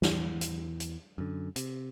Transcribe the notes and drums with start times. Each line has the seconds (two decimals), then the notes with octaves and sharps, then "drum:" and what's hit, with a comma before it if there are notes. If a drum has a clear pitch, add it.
0.02 E2 E3, drum: snare
0.41 drum: hi-hat
0.80 drum: hi-hat
1.18 F#2 D3
1.56 C3, drum: hi-hat